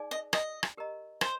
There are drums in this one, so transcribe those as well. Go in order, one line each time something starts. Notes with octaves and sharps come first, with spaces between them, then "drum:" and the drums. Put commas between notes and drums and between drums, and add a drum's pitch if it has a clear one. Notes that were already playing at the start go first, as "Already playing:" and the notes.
Already playing: D#4 G#4 D5 G#5
D#5
D#5, drum: rim click
drum: rim click
G4 A#4 D#5 A#5
C5, drum: rim click